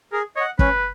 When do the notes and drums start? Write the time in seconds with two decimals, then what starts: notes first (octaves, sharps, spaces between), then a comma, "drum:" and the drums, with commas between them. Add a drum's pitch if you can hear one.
0.12 G#4 A#4
0.36 C#5 D#5 F#5
0.59 C#4 B4, drum: kick